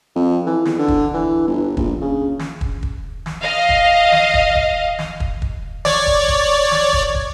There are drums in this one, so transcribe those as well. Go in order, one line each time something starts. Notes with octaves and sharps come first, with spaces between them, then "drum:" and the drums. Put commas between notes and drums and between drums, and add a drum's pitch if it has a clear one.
F2
E3
E2, drum: snare
D3
drum: kick
E3
G1
A#1, drum: kick
C#3
drum: snare
drum: kick
drum: kick
drum: snare
D#5 F5
drum: kick
drum: snare
drum: kick
drum: kick
drum: snare
drum: kick
drum: kick
C#5 D5, drum: snare
drum: kick
drum: kick
drum: snare
drum: kick
drum: kick